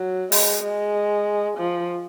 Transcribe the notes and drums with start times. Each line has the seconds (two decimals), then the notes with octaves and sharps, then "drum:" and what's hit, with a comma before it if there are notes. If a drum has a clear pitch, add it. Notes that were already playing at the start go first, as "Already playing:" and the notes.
Already playing: F#3
0.32 G#3, drum: open hi-hat
0.63 G#3
1.58 F3